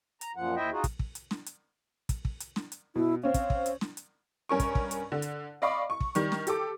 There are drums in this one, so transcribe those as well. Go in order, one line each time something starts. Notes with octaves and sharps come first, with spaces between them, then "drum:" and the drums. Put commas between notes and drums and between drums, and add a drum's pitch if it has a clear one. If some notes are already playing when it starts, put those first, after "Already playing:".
A#5, drum: hi-hat
F#2 A#2 F3 F#5
D#2 E4 C5 D#5 E5 G5
D#4 F4 F#4 G#4
drum: kick, hi-hat
drum: kick
drum: hi-hat
drum: snare
drum: hi-hat
drum: kick, hi-hat
drum: kick
drum: hi-hat
drum: snare
drum: hi-hat
B2 E4
C4 C#4 F5
drum: kick, hi-hat
drum: kick
drum: hi-hat
drum: snare
drum: hi-hat
G2 C#4 A#4 C#6
drum: kick, hi-hat
drum: kick
drum: hi-hat
D3
drum: hi-hat
D5 D#5 F5 B5 C#6 D6
C#6
drum: kick
D#3 G3 C#6, drum: hi-hat
drum: snare
G4 A4 D6, drum: hi-hat